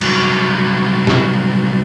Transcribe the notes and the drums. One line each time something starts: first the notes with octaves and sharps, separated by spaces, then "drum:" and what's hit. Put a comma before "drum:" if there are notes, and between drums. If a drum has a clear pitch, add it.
C2 F#3, drum: cymbal
drum: snare